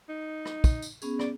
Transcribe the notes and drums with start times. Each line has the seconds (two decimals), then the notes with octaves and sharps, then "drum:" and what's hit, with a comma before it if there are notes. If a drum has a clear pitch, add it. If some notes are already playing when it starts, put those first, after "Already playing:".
0.09 D#4
0.45 drum: rim click
0.64 drum: kick, tambourine
0.82 drum: tambourine
1.02 B3 C#4 G#4, drum: tambourine
1.19 D5, drum: rim click